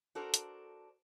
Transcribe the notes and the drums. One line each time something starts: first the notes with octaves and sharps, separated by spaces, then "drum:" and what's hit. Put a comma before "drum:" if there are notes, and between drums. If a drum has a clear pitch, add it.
D4 F#4 A4 A#4 C5
drum: hi-hat